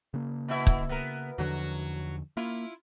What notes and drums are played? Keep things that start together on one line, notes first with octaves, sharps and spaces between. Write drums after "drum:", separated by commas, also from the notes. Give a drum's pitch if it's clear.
C#3 A#3
B2 E4 E5
drum: kick
B3 A#4
E2 D3 F3 F#3 F#4
A#3 E4 F4